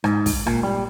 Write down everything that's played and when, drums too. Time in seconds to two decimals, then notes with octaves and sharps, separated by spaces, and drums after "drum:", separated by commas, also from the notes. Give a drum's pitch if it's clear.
0.04 G#2, drum: rim click
0.26 drum: kick, open hi-hat
0.47 A#2, drum: rim click
0.63 G3